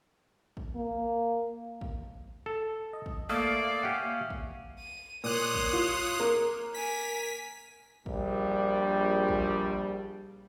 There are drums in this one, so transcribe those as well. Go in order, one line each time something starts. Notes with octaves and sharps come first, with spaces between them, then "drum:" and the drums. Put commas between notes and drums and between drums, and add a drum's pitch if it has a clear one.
drum: kick
A#3
drum: kick
A4
D#5
drum: kick
A3 A#3 D5 E5 F5 D#6
C#4 G4 F#5
drum: kick
D#7
A#2 C#5 C6 D#6 F#6
drum: kick
F4
A#3
A#4 G#5 B6
A#1 G3, drum: kick
drum: kick